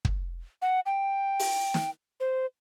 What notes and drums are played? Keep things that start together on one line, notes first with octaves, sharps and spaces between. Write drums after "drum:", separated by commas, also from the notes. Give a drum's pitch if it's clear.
drum: kick
F#5
G5
drum: open hi-hat
drum: snare
C5